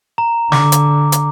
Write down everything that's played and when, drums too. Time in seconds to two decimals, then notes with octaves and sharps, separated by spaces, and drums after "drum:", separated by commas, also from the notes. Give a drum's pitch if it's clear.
0.18 A#5
0.52 D3 D6, drum: snare
0.72 drum: hi-hat
1.12 drum: hi-hat